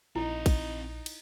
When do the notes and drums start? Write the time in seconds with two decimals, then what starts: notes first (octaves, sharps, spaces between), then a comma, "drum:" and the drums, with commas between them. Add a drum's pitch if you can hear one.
0.16 A#1 C4 D#4 E4 D#5
0.46 drum: kick, cymbal
1.06 drum: cymbal